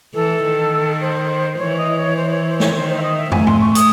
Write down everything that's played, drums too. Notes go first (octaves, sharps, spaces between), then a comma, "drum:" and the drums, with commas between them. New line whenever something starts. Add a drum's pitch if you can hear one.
E3 A4
D#3
C5
E3 C#5
D#5
C#5
C5
C#5
C5
C#5, drum: snare
D#3 C5
C5
E5
D#5
E5
A3 G#5, drum: tom
C6, drum: tom G#2
C#6
D#6, drum: hi-hat